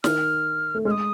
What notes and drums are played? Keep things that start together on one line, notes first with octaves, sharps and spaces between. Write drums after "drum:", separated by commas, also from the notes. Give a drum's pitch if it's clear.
D#3 F6, drum: snare
A3
G#3 F6
D#6